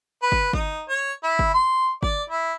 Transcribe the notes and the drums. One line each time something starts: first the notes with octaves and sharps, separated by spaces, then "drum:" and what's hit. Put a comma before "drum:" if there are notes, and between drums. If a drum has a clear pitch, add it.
B4
drum: kick
D#4, drum: kick
C#5
E4
drum: kick
C6
D5, drum: kick
E4